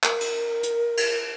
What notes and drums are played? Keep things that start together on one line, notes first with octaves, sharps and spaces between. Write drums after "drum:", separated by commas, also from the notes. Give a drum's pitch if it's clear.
A#4, drum: clap
drum: cymbal
drum: hi-hat
drum: cymbal